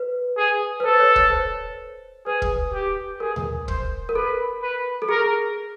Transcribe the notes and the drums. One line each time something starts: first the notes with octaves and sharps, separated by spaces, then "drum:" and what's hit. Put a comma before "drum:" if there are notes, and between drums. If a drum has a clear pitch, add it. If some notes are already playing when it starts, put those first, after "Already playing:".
Already playing: B4
G#4
B4
A4 C5
C#5
C#5, drum: kick
C5
G#4 B4
drum: kick
G4
G#4 A#4
drum: tom D2
C5, drum: kick
A#4
A4 B4
B4
A4
G#4 A#4